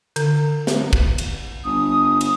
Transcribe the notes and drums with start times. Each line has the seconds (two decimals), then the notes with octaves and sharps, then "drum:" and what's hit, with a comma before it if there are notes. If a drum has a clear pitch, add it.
0.16 D3, drum: cymbal
0.67 drum: snare
0.93 drum: kick
1.18 drum: cymbal
1.65 G1 D#6
2.21 drum: cymbal